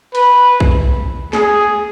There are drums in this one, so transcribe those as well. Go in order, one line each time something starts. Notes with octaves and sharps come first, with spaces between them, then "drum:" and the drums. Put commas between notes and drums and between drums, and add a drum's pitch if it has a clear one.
B4, drum: cymbal
drum: kick B1
G#4, drum: snare